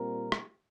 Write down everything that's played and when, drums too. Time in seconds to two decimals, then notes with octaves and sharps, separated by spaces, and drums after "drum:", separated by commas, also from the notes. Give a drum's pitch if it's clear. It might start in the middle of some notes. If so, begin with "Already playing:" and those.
Already playing: A#2 G3 C4 F4 A#4
0.32 drum: rim click